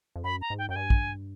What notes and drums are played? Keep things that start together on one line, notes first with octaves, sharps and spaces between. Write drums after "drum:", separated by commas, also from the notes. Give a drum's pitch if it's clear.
F2
F#2 B5
A#5
G#2
G5
F#2 G5
G2 G#5
drum: kick